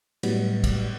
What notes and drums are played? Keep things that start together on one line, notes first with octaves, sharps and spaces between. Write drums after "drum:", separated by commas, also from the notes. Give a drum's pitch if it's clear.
A2 F#3 G3 B3, drum: cymbal
drum: kick, cymbal